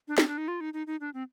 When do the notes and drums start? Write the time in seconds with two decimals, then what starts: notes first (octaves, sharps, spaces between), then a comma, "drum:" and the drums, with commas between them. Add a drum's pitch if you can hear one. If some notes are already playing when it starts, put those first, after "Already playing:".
0.08 D4
0.18 C4, drum: snare
0.28 D4
0.38 D#4
0.48 F4
0.61 D#4
0.74 D#4
0.87 D#4
1.01 D4
1.14 C4